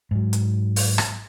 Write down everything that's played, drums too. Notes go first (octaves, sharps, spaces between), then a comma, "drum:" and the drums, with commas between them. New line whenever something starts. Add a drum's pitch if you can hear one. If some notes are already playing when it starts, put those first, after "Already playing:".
G#2 F#3
drum: hi-hat
drum: open hi-hat
drum: rim click